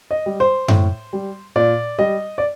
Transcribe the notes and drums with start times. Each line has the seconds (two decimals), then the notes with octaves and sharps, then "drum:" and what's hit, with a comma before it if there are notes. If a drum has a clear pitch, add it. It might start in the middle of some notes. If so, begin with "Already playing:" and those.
0.11 D#5
0.26 G3
0.40 C5
0.68 A2, drum: tom F#2
1.13 G3
1.56 A#2 D5
1.99 G3 D#5
2.38 D5